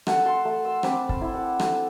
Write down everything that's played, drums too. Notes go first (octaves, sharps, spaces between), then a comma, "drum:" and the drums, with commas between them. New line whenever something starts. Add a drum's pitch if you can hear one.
A3 F#5 A5, drum: rim click
A5 C6
A3
C6 E6
C4 B5 D6, drum: rim click
A5 C6, drum: kick
E4
F#5 A5
A3, drum: rim click